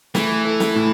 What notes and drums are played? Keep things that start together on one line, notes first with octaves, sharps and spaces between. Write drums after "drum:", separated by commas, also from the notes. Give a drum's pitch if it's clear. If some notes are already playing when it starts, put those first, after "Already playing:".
E3 A3, drum: snare
A4
drum: snare
A2